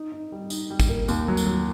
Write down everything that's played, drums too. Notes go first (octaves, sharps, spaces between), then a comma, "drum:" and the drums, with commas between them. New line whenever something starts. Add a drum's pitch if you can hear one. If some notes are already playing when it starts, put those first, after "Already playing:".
Already playing: D#4
D#4
G3
D#4, drum: tambourine
G3
drum: kick, tambourine
A#3
D#2, drum: tambourine
F#3
drum: tambourine
F#3